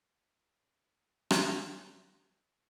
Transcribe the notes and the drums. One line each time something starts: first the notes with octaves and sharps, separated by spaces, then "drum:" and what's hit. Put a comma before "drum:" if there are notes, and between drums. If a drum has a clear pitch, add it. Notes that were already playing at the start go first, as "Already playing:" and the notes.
C#3 B3 C5
drum: rim click